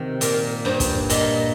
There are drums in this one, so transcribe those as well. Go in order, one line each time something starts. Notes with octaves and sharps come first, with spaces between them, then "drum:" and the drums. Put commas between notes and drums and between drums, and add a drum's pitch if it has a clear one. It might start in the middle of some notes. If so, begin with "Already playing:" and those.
Already playing: C3 D#3
A#2 A#4, drum: hi-hat
G2 C5
drum: kick, hi-hat
A#2 D#5, drum: hi-hat